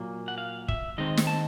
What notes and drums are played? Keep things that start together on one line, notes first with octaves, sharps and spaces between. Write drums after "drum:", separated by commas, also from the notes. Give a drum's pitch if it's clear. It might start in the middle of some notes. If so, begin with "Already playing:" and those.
Already playing: A#2 F#3 A#3
F#5
F5
E5, drum: kick
D#3 G#3 C4 D#5
drum: snare
A5